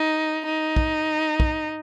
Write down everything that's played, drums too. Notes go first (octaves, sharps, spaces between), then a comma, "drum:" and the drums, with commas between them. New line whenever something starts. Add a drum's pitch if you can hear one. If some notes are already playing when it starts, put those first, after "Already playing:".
Already playing: D#4
D#4
drum: kick
drum: kick